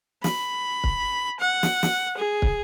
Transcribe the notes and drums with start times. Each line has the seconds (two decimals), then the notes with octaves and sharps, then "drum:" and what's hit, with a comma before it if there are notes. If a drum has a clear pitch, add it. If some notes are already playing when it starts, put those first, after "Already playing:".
0.24 B5, drum: snare
0.84 drum: kick
1.40 F#5
1.63 drum: snare
1.83 drum: snare
2.17 G#4
2.42 drum: kick